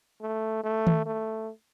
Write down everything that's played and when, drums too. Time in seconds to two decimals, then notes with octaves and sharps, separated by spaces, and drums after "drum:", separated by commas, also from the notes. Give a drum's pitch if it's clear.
0.22 A3
0.64 A3
0.87 drum: tom D#3
1.06 A3